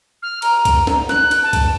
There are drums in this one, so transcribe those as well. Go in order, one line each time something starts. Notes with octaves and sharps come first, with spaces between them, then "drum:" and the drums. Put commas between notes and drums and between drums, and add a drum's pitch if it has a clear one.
F6
A#5, drum: cymbal
drum: kick, cymbal
drum: snare
F#6, drum: snare
drum: cymbal
A5
drum: kick, cymbal